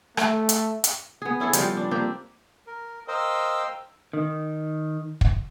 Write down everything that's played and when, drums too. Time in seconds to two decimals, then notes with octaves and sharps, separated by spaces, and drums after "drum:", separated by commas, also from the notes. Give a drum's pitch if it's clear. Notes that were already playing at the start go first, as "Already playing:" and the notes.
0.17 A3, drum: rim click
0.49 drum: hi-hat
0.84 drum: hi-hat
1.22 B3 G#4
1.40 C#4 E4 G#4 A4
1.53 F3 G3 F4 F#4, drum: hi-hat
1.77 D4
1.91 A#3 C4 D4 G4
2.67 A#4
3.08 A#4 C5 D#5 F5 G5 E6
4.13 D#3
5.21 drum: kick